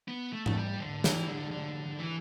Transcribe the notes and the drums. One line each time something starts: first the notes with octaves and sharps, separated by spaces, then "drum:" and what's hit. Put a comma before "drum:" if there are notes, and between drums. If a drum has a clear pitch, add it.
B3
A3
A3, drum: tom G#2
G3
D3
E3, drum: snare
D3
D3
E3